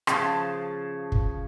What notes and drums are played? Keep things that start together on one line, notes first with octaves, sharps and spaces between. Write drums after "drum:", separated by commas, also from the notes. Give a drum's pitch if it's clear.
C#3 F3 A5, drum: rim click
drum: kick